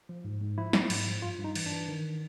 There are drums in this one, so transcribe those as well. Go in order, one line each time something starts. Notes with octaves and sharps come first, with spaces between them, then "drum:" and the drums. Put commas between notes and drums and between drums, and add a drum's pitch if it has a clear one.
F3
G#2
G#2
F3 E4
F3, drum: snare
G#2, drum: cymbal
F3
G2 F4
G2
D#4
E3, drum: cymbal
D4
E3
D#3